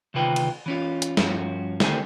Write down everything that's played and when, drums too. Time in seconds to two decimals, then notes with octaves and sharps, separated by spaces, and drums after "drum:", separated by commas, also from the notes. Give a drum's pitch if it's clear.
0.14 D2 C3 D#3 F4 B4 G5
0.36 drum: cymbal
0.66 E3 C#4 F4
1.02 drum: hi-hat
1.17 G2 F3 C#4 F#4, drum: snare
1.80 D3 D#3 G3 A3 C4 G#5, drum: snare